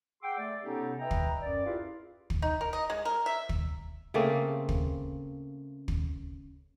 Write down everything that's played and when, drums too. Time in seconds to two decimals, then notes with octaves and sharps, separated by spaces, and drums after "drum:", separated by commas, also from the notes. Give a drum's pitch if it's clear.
0.23 G#4 F#5 G5 C6 D6 E6
0.38 A3 D5
0.63 C3 B3 C#4 D#4 G4 A4
0.99 B4 D#5 E5 G5 A#5
1.11 drum: kick
1.41 F#2 D5
1.65 E4 F4 G4 G#4 B4 F5
2.30 drum: kick
2.42 D#4
2.61 A#4
2.73 D#5
2.90 G#3
3.05 A#4
3.26 E5
3.49 drum: kick
4.14 C#3 A3 A#3 C4
4.69 drum: kick
5.88 drum: kick